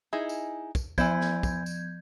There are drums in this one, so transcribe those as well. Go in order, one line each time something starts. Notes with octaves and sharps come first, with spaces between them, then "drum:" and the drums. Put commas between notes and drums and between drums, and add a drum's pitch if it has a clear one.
D#4 E4 G#4
drum: tambourine
drum: kick, tambourine
E3 F3 E4 C5 G6 G#6, drum: kick, tambourine
drum: snare
drum: kick, tambourine
drum: tambourine